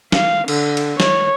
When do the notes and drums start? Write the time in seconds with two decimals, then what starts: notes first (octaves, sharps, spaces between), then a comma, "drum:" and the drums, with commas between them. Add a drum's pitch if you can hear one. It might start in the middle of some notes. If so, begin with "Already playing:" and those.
0.12 F5, drum: snare
0.48 D3, drum: cymbal
0.77 drum: cymbal
1.00 C#5, drum: snare